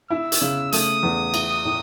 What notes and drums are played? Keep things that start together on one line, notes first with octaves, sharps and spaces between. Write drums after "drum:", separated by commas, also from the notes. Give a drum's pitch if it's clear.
E4 E6
drum: hi-hat
C#3
A3 D#6, drum: hi-hat
E2
E4, drum: cymbal
A2